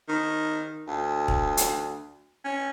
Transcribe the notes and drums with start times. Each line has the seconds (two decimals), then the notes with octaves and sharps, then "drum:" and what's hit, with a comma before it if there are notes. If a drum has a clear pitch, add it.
0.09 D#3
0.88 D2
1.28 drum: kick
1.57 drum: hi-hat
2.45 C#4